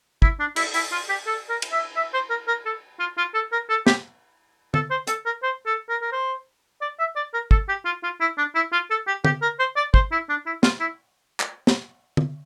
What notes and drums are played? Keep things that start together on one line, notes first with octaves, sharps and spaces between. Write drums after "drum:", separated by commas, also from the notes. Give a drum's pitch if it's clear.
E4, drum: kick
D4
E4, drum: cymbal
E4, drum: open hi-hat
F4
G4
A4
A#4
drum: cymbal
E5
E5
C5
A#4
A#4
A4
F4
F4
A4
A#4
A4
G4, drum: snare
A4, drum: tom
C5
A4, drum: hi-hat
A#4
C5
A4
A#4
A#4
C5
D5
E5
D5
A#4
A4, drum: kick
G4
F4
F4
E4
D4
E4
F4
A4
G4
G4, drum: tom
A#4
C5
D5
C5, drum: kick
E4
D4
E4
F4, drum: snare
E4
drum: clap
drum: snare
drum: tom